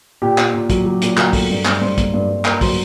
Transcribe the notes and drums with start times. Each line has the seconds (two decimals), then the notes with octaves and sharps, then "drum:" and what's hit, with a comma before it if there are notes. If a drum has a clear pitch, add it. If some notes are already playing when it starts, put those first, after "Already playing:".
0.22 A#2 G4 G5
0.38 A#2, drum: clap
0.54 A#2
0.70 F#3, drum: kick, hi-hat
0.86 F#3
1.02 A#2, drum: hi-hat
1.18 F#3 A#4 A#5, drum: clap
1.33 A3, drum: kick, open hi-hat
1.50 G2
1.65 G2, drum: clap
1.81 G2 C5 C6
1.98 A#3, drum: kick, hi-hat
2.14 G2
2.30 G2
2.45 A#3 A#4 A#5, drum: clap
2.61 F#3 C5 C6, drum: kick, open hi-hat